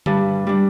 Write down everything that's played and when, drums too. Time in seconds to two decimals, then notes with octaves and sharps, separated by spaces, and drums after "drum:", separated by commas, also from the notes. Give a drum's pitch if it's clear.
0.06 G2 G3 D4, drum: tom D3
0.47 G3 D4